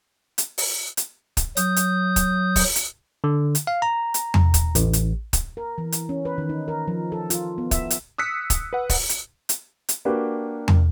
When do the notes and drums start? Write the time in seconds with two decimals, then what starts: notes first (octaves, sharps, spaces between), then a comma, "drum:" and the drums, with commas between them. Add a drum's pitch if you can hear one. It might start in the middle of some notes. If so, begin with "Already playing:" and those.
0.38 drum: hi-hat
0.58 drum: open hi-hat
0.97 drum: hi-hat
1.37 drum: kick, hi-hat
1.57 F#3 D#6 G6, drum: hi-hat
1.76 drum: hi-hat
2.16 drum: kick, hi-hat
2.56 drum: kick, open hi-hat
2.75 drum: hi-hat
3.24 D3
3.55 drum: hi-hat
3.67 F5
3.82 A#5
4.14 drum: hi-hat
4.34 drum: tom E2
4.54 drum: kick, hi-hat
4.75 A1, drum: hi-hat
4.93 drum: hi-hat
5.33 drum: kick, hi-hat
5.57 A#4
5.78 E3
5.92 drum: hi-hat
6.09 C#4
6.25 B4
6.38 D#3
6.49 D#4
6.68 A#4
6.88 F3
7.12 A4
7.30 F4, drum: hi-hat
7.58 B3
7.71 E5, drum: kick, hi-hat
7.90 drum: hi-hat
8.18 D#6 E6 F#6 B6 C#7
8.50 drum: kick, hi-hat
8.73 B4 F#5
8.90 drum: kick, open hi-hat
9.09 drum: hi-hat
9.49 drum: hi-hat
9.89 drum: hi-hat
10.05 A#3 D4 F#4 G4 B4
10.68 drum: tom E2